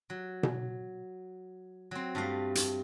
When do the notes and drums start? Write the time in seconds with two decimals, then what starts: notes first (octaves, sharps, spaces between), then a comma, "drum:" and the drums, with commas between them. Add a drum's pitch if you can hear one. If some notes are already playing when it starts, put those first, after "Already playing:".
0.10 F#3
0.43 drum: tom B2
1.91 F#3 C4
2.15 G2 A3 F5
2.55 drum: hi-hat